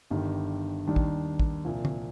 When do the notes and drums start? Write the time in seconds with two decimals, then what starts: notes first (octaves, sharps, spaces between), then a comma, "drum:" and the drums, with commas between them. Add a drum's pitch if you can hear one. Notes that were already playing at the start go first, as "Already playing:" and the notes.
0.10 G1 G2 D#3 G3
0.87 D#2 D#3 G3 D4
0.96 drum: kick
1.40 drum: kick
1.65 C2 A#2 F3
1.85 drum: tom D3